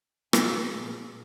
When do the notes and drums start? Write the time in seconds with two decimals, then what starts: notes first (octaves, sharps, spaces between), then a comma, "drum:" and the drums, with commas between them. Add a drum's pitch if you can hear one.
0.33 F3 G#4, drum: rim click
0.74 A#2 A#3